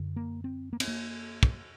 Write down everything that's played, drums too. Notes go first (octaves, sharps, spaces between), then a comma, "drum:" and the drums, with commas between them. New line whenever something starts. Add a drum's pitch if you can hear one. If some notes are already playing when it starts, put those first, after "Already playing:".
Already playing: F#2 D3
A#3
C4
A#3
C4, drum: cymbal
A#3
drum: kick